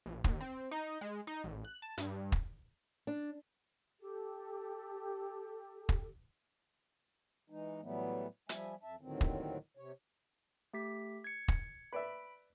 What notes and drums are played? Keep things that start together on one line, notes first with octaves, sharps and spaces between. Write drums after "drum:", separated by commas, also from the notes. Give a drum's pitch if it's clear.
A#1
D#2, drum: kick
C4
D#4
G#3
D#4
A1
F#6
A5
G2, drum: hi-hat
drum: kick
D4
G4 A4
drum: kick
E3 G#3 D#4
A2 E3 F#3 G3 A3 B3
F3 G3 E5 G#5, drum: hi-hat
F2 E5 A5
D#2 A2 D3 D#3 F#3 C4
drum: kick
C3 C#5
A3 G4 B6
G#6 C#7
drum: kick
B4 D5 E5 B5 D7